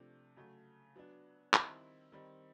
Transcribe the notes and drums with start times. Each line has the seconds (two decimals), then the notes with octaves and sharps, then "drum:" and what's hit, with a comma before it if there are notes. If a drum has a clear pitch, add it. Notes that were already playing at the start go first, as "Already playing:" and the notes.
Already playing: C3 F3 A3 D4
0.36 C#3 F#3 A3
0.96 F#3 B3 D4
1.54 D#3 G3 C4 E4, drum: clap
2.12 D#3 G3 C4